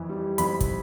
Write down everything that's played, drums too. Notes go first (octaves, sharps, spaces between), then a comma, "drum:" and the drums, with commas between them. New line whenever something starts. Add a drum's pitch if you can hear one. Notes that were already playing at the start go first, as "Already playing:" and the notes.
Already playing: F2 E3
G3
F2 B5, drum: hi-hat
drum: kick, hi-hat